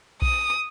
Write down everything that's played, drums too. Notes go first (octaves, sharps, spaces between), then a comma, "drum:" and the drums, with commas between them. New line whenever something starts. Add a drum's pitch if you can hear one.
D#6, drum: kick B1